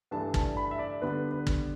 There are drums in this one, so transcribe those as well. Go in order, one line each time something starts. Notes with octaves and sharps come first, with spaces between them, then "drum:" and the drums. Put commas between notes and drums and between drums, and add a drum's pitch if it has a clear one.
G2 E3 A3 D4 A5
A5, drum: kick
B5
E5
D5
D3 G3 B3 D4 B4
B4
drum: kick